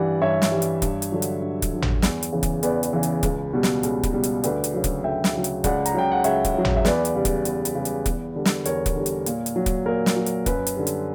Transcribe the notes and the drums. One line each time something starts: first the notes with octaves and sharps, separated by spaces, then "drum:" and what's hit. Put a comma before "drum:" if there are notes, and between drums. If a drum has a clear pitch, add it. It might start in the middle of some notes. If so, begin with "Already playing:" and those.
Already playing: G2 E3 G3 D5 F#5
G2 C#5 E5
drum: snare
E3 G3
drum: hi-hat
G2, drum: kick, hi-hat
drum: hi-hat
D3 F#3
drum: hi-hat
G2
drum: kick, hi-hat
D3 F#3
drum: tom
E2, drum: snare
drum: hi-hat
C#3 E3
drum: kick, hi-hat
E2 B4 D5, drum: hi-hat
drum: hi-hat
C#3 E3
drum: hi-hat
C#2, drum: kick, hi-hat
B2 G3
drum: snare
C#2, drum: hi-hat
drum: kick, hi-hat
B2 G3
drum: hi-hat
D2 B4 D5, drum: hi-hat
drum: hi-hat
C#3 F#3
drum: kick, hi-hat
D2 E5 G5
drum: snare
C#3 F#3
drum: hi-hat
C#2 D5 F#5, drum: kick, hi-hat
A#5, drum: hi-hat
C#3 F#3 G5
F#5
C#2 C#5 E5, drum: hi-hat
drum: kick, hi-hat
C#3 F#3
drum: tom
E5
E2 B4 D5, drum: snare
drum: hi-hat
C#3 G3
drum: kick, hi-hat
E2, drum: hi-hat
drum: hi-hat
C#3 G3
drum: hi-hat
E2, drum: kick, hi-hat
D3 G3
drum: snare
E2 A#4 C#5, drum: hi-hat
drum: kick, hi-hat
D3 G3
drum: hi-hat
A#2, drum: hi-hat
drum: hi-hat
F#3
drum: kick, hi-hat
A#2 A#4
drum: snare
F#3
drum: hi-hat
F#2 B4, drum: kick, hi-hat
drum: hi-hat
D3 G3
drum: hi-hat